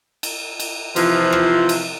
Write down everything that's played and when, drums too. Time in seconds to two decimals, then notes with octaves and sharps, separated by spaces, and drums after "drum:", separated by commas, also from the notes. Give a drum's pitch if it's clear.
0.23 drum: cymbal
0.60 drum: cymbal
0.96 C3 E3 F3, drum: cymbal
1.33 drum: rim click
1.69 drum: cymbal